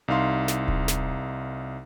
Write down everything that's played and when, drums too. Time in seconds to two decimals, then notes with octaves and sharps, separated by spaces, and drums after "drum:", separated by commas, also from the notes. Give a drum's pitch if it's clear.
0.08 C2 D#4 F5 C6
0.48 drum: snare
0.68 drum: kick D#1
0.88 drum: snare